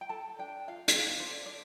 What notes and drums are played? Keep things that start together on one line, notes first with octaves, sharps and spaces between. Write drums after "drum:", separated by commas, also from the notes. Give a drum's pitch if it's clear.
G5
A4 A5
D4 G5
F4 F5
drum: hi-hat
D4 F5
C5
A4 D5
D5